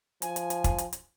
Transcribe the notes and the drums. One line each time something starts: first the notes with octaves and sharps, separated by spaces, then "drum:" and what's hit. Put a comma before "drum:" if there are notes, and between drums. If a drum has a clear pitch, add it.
F3 G#5, drum: hi-hat
drum: hi-hat
drum: hi-hat
drum: kick, hi-hat
drum: hi-hat
drum: hi-hat